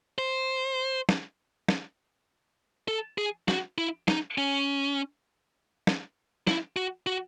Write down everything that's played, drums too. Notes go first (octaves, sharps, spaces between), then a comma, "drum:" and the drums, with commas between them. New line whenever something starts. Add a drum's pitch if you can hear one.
C5
drum: snare
drum: snare
A4
G#4
F#4, drum: snare
E4
D#4, drum: snare
C#4
drum: snare
E4, drum: snare
F#4
F#4